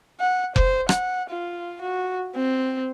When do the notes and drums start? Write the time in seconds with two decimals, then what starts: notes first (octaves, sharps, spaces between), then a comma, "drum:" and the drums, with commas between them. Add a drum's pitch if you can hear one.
0.20 F#5
0.56 C5, drum: kick F1
0.89 F#5, drum: rim click
1.30 F4
1.82 F#4
2.35 C4